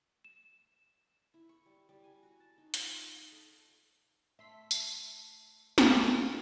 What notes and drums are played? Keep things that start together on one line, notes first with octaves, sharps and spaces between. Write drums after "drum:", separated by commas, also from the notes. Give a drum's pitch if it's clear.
E7
E4
C#6
G3
G3
G#5
F#4
A5
D#4
F4, drum: hi-hat
F5
D#5
A4
A3 E5 C6 B6
drum: tambourine
drum: snare